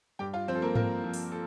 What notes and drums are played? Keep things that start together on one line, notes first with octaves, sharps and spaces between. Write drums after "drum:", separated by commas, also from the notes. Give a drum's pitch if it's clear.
G2 G4 G5
F4 F5
F3 C4 C5
A4
A#3 A#4
F3 A#3 A#4, drum: tom G#2
F3
drum: open hi-hat
A4